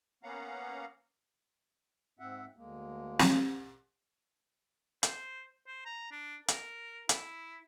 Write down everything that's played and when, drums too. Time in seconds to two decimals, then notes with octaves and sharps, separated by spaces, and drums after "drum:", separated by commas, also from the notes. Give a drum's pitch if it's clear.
0.23 A#3 B3 C#4 F5 F#5 A#5
2.19 G#2 C4 E5 F#5
2.57 D2 G#3 A#3
3.19 drum: snare
5.03 C5, drum: hi-hat
5.67 C5
5.86 A#5
6.12 D4
6.48 A#4, drum: hi-hat
7.09 E4, drum: hi-hat